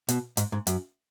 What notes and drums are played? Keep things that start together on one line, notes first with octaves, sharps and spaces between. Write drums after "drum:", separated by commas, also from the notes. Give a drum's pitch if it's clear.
B2, drum: hi-hat
G#2, drum: hi-hat
G#2
F#2, drum: hi-hat